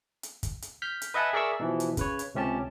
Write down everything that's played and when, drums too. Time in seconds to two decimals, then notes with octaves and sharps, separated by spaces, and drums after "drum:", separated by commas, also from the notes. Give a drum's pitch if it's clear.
0.23 drum: hi-hat
0.43 drum: kick, hi-hat
0.62 drum: hi-hat
0.82 F6 G6 B6
1.02 drum: hi-hat
1.14 B4 D#5 E5 F#5 G#5 A5
1.33 G#4 A#4 D5 E5 C#6 E6
1.60 B2 E3 F3
1.80 drum: hi-hat
1.97 C#3 B4 C#5, drum: kick, hi-hat
2.19 drum: hi-hat
2.35 C#2 C3 C#4 G4 A5